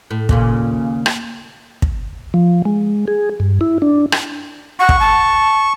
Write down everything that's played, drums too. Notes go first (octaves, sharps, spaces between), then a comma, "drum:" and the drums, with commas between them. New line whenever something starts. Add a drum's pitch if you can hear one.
A2
D#2 A#2 C#3, drum: kick
drum: rim click
drum: kick
F3
G#3
G#4
G2
E4
D4
drum: rim click
F#5 C#6
drum: kick
A5